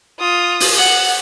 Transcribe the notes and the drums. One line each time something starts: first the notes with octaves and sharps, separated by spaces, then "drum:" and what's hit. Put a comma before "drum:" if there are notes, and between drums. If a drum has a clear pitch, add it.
F4 D#6
drum: open hi-hat
F#5